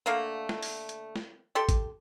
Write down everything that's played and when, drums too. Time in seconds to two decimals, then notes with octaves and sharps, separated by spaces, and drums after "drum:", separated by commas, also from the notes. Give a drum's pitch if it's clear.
0.06 D3 A3 A#3 F5
0.49 drum: snare
0.63 drum: open hi-hat
0.89 drum: hi-hat
1.16 drum: snare
1.55 G4 A4 C6
1.69 drum: kick, hi-hat